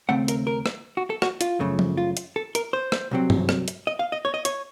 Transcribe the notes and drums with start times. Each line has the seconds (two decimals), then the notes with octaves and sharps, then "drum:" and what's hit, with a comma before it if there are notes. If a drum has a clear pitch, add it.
0.08 D#2 C#3 A3 C4 F#5
0.28 A#4, drum: hi-hat
0.47 A#4
0.66 drum: rim click
0.97 F#4
1.10 A4
1.22 F#4, drum: rim click
1.41 F4, drum: hi-hat
1.59 F#2 C#3 F3 A3
1.79 drum: tom F3
1.97 F4
2.17 drum: hi-hat
2.36 A4
2.55 A#4, drum: hi-hat
2.73 C5
2.92 drum: rim click
3.11 C2 C3 F#3 C4
3.30 drum: tom G2
3.49 drum: rim click
3.68 drum: hi-hat
3.87 D#5
3.99 F5
4.12 D#5
4.25 C#5
4.34 D#5
4.45 C#5, drum: hi-hat